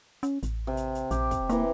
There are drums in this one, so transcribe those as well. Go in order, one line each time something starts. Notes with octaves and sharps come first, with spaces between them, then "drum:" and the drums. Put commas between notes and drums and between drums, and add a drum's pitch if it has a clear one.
C#4, drum: hi-hat
A1, drum: hi-hat
C3
drum: hi-hat
drum: hi-hat
A#1 G4, drum: hi-hat
drum: kick, hi-hat
E3 A#3 A#5, drum: hi-hat